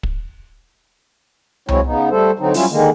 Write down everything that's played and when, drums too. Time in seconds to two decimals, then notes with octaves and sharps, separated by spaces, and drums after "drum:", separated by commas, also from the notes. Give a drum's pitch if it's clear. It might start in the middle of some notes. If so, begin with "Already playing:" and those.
0.03 drum: kick
1.69 F#3 G#3 C4 E4 C#5, drum: tom C2
1.86 C#3 B3 D#4
2.10 G3 A3 A4 C5
2.39 D3 F#3 C4 D#4
2.54 F#3 G3 C#4 E4 F4, drum: open hi-hat
2.70 D3 D#3 G#3 A#3